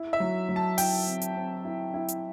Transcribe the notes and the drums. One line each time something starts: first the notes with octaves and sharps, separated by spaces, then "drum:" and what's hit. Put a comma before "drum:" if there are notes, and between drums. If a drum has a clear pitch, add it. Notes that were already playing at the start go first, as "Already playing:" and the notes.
Already playing: E4
E5
F#3
F#3
A5
E4 G5, drum: open hi-hat
C4
drum: hi-hat
C4
E4
E4
drum: hi-hat